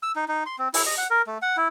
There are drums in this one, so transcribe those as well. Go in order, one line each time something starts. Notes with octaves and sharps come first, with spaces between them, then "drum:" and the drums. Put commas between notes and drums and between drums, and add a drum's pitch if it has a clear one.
E6
D#4
D#4
C6
C4
E4, drum: open hi-hat
D#5
F#5
A#4
A3
F#5
E4